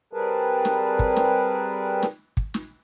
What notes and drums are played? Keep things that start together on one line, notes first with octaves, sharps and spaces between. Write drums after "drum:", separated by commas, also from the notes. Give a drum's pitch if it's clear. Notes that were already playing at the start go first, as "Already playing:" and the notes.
G3 C4 G#4 A#4 B4 A5
drum: snare
drum: kick
drum: snare
drum: snare
drum: kick
drum: snare